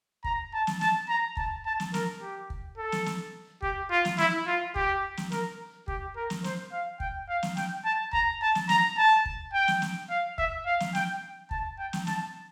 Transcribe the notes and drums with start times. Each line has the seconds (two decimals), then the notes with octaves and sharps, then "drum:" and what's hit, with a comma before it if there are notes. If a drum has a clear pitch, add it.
0.24 A#5, drum: kick
0.54 A5
0.67 drum: snare
0.81 A5, drum: snare
1.09 A#5
1.37 A5, drum: kick
1.65 A5
1.80 drum: snare
1.94 A#4, drum: snare
2.22 G4
2.50 drum: kick
2.78 A4
2.92 drum: snare
3.06 drum: snare
3.62 G4, drum: kick
3.91 F4
4.05 drum: snare
4.18 E4, drum: snare
4.47 F4
4.76 G4, drum: kick
5.17 drum: snare
5.32 A#4, drum: snare
5.88 G4, drum: kick
6.16 A#4
6.30 drum: snare
6.44 C5, drum: snare
6.72 F5
7.00 G5, drum: kick
7.29 F5
7.43 drum: snare
7.57 G5, drum: snare
7.85 A5
8.13 A#5, drum: kick
8.42 A5
8.55 drum: snare
8.69 A#5, drum: snare
8.97 A5
9.26 drum: kick
9.54 G5
9.68 drum: snare
9.82 drum: snare
10.10 F5
10.38 E5, drum: kick
10.66 F5
10.80 drum: snare
10.95 G5, drum: snare
11.51 A5, drum: kick
11.79 G5
11.93 drum: snare
12.07 A5, drum: snare